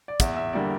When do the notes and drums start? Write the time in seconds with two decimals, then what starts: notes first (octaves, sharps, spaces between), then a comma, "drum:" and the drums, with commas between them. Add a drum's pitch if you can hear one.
0.08 D5
0.20 E2 E5, drum: kick, hi-hat
0.36 E5
0.53 D3 G3 A#3 D5